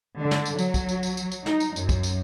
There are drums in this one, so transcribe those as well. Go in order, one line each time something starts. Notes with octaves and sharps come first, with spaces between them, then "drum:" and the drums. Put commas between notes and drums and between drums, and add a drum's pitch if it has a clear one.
D3
drum: snare
drum: tambourine
F#3, drum: tambourine
drum: kick, tambourine
drum: tambourine
drum: tambourine
drum: tambourine
drum: tambourine
D#4, drum: snare
drum: tambourine
F#2, drum: tambourine
drum: kick, tambourine
drum: tambourine